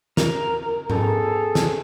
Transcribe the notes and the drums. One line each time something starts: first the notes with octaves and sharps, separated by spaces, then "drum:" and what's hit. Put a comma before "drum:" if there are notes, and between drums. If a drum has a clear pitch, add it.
A#4, drum: snare
B3 G#4 A4, drum: tom G#2
drum: snare